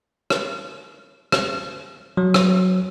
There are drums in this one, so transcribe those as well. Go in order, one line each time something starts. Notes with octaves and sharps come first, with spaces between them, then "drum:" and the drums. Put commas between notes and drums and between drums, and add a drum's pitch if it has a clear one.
drum: rim click
drum: rim click
F#3
drum: rim click